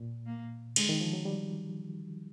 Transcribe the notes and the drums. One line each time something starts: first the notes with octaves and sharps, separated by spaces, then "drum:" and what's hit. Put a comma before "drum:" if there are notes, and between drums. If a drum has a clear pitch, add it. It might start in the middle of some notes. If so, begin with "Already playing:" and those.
Already playing: A#2
A#3
D3 G#3, drum: cymbal
D#3
F3
F#3
G3